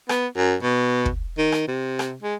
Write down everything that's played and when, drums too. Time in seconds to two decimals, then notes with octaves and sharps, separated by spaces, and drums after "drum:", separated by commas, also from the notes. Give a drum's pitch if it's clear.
0.09 B3, drum: rim click
0.36 F#2
0.62 B2
1.05 drum: kick
1.38 D#3
1.52 drum: rim click
1.68 C3
1.99 drum: rim click
2.22 G#3